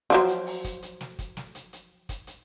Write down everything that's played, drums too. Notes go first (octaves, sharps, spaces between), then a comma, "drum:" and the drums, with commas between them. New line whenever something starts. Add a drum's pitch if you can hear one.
D3 F3 F#3, drum: hi-hat
drum: hi-hat
drum: open hi-hat
drum: kick, hi-hat
drum: hi-hat
drum: snare
drum: kick, hi-hat
drum: snare
drum: hi-hat
drum: hi-hat
drum: kick, hi-hat
drum: hi-hat